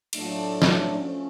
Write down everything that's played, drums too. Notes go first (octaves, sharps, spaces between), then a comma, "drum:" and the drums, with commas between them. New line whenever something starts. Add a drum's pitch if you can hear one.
A2 F#3 A3 D4 F4, drum: cymbal
drum: snare
F3 A3 C#4